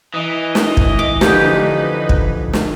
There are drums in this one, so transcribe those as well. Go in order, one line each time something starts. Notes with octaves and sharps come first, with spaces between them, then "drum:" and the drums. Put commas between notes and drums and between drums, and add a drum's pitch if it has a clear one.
E3 D#5
drum: snare
drum: kick
D6
F2 D3 D#4 G4 B4, drum: snare
drum: kick
drum: snare